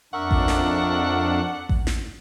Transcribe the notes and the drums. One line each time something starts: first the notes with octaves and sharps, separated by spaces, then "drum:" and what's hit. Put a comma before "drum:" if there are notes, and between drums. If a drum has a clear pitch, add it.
F2 D4 A#4 E5 F#5 C#6
drum: kick A1
drum: snare
drum: kick A1
drum: snare